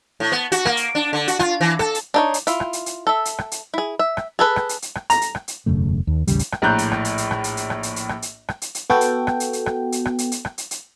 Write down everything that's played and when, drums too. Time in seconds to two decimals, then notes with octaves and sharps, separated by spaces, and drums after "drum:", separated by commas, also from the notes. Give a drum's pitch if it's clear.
0.20 A2
0.32 B3
0.52 F#4, drum: hi-hat
0.65 A#3, drum: rim click
0.77 drum: hi-hat
0.95 D4
1.13 D3
1.28 F#4, drum: hi-hat
1.39 F4, drum: rim click
1.61 E3
1.79 A4, drum: rim click
1.95 drum: hi-hat
2.14 D4 D#4 C#5
2.34 drum: hi-hat
2.47 E4 F4, drum: hi-hat
2.60 drum: rim click
2.73 drum: hi-hat
2.86 drum: hi-hat
3.07 A4 E5
3.25 drum: hi-hat
3.38 drum: rim click
3.52 drum: hi-hat
3.74 E4 G#4
3.99 E5
4.17 drum: rim click
4.39 G#4 A4 B4
4.56 drum: rim click
4.69 drum: hi-hat
4.82 drum: hi-hat
4.95 drum: rim click
5.10 A#5, drum: hi-hat
5.22 drum: hi-hat
5.35 drum: rim click
5.48 drum: hi-hat
5.66 E1 F#2 C#3 A3
6.07 D#2
6.27 A1 D#2 C#3 G3, drum: hi-hat
6.39 drum: hi-hat
6.52 drum: rim click
6.62 A#1 A2 A#5 F#6 G6
6.78 drum: hi-hat
6.92 drum: rim click
7.05 drum: hi-hat
7.18 drum: hi-hat
7.31 drum: rim click
7.44 drum: hi-hat
7.57 drum: hi-hat
7.70 drum: rim click
7.83 drum: hi-hat
7.96 drum: hi-hat
8.09 drum: rim click
8.22 drum: hi-hat
8.48 drum: rim click
8.62 drum: hi-hat
8.75 drum: hi-hat
8.90 B3 F#4 A4 G5, drum: rim click
9.01 drum: hi-hat
9.27 drum: rim click
9.40 drum: hi-hat
9.53 drum: hi-hat
9.66 drum: rim click
9.92 drum: hi-hat
10.05 drum: rim click
10.19 drum: hi-hat
10.32 drum: hi-hat
10.45 drum: rim click
10.58 drum: hi-hat
10.71 drum: hi-hat